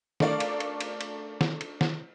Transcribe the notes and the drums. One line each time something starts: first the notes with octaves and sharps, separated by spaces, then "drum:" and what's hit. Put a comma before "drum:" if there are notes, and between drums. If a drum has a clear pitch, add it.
A3 D4 A#4 D5 F5, drum: snare D#3
drum: cymbal
drum: cymbal
drum: cymbal
drum: cymbal
drum: snare D#3
drum: cymbal
drum: snare D#3